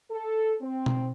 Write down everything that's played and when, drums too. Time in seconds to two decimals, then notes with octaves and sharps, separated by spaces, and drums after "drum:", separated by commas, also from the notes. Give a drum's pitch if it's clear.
0.11 A4
0.61 C4
0.86 drum: tom B2